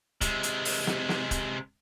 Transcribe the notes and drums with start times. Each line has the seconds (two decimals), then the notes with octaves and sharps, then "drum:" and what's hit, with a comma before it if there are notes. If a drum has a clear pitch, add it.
0.21 C3 G#3, drum: kick, hi-hat
0.43 drum: hi-hat
0.65 drum: open hi-hat
0.87 drum: snare
1.09 drum: snare
1.31 drum: kick, hi-hat